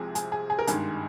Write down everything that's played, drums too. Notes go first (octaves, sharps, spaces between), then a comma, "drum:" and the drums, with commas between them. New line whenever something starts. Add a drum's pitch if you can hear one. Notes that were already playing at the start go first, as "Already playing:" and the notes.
Already playing: C2 C3 F3 G#3 G#4
G#4, drum: hi-hat
G#4
G#4
A#4
G#1 G2 D#3 G#3 G#4, drum: hi-hat